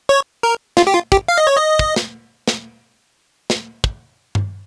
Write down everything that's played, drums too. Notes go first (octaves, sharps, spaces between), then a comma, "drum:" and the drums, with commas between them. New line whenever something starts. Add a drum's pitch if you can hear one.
C#5
A#4
F4, drum: snare
G4
F4
G4, drum: kick
F5
D#5
C#5
D#5
drum: kick
drum: snare
drum: snare
drum: snare
drum: kick
drum: tom G2